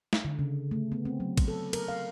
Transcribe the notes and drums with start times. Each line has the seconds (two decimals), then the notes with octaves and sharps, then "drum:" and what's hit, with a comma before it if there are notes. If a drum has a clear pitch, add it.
0.13 drum: snare
0.25 D3
0.39 C#3
0.71 A3
0.92 B3
1.05 C4
1.20 F#3
1.38 drum: kick A1, cymbal
1.48 A4
1.73 A#4, drum: cymbal
1.88 F5